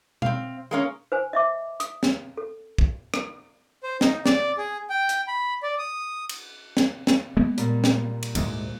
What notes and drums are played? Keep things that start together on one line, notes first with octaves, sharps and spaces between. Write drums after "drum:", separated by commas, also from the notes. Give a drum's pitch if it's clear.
C4 F5, drum: tom B2
G#3 A#3 C#4
B4 C5 G#5
D#5 E5 D6
D#6, drum: hi-hat
drum: snare
A4
drum: kick
drum: rim click
C5
D#4, drum: snare
D5, drum: snare
G#4
G5
drum: hi-hat
B5
D5
D#6
drum: cymbal
drum: snare
drum: snare
G#3 A#3 B3
A#2 G3, drum: hi-hat
drum: snare
drum: cymbal
D2 G#2 G#3, drum: cymbal